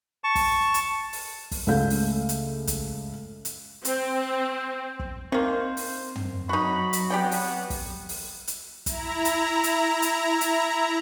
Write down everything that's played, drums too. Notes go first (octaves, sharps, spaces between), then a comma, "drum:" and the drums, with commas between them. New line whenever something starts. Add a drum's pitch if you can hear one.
A5 C#6
drum: kick, open hi-hat
drum: hi-hat
drum: open hi-hat
drum: kick, open hi-hat
C#2 A3 A4 F5 G6
drum: open hi-hat
drum: hi-hat
drum: kick, hi-hat
drum: hi-hat
C4, drum: hi-hat
drum: kick
D#3 A#3 C4 C5
drum: open hi-hat
drum: tom
F#3 D#4 F#4 B5
drum: hi-hat
B3 G4 D5 G5
drum: open hi-hat
drum: kick, open hi-hat
drum: open hi-hat
drum: hi-hat
E4 A#5, drum: kick, hi-hat
drum: hi-hat
drum: hi-hat
drum: hi-hat
drum: hi-hat